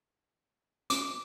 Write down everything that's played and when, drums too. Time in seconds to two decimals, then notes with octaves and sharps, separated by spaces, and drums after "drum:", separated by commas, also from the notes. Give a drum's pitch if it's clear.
0.90 D6, drum: hi-hat